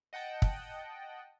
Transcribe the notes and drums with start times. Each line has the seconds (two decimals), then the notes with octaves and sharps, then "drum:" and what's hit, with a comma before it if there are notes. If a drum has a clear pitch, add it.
0.13 D#5 F#5 G5 A5
0.42 drum: kick